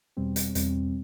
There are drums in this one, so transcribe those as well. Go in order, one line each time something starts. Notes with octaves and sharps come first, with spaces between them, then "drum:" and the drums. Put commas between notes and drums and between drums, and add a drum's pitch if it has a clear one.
E2 B2 G3 C4
drum: hi-hat
E2 B2 G3 C4, drum: hi-hat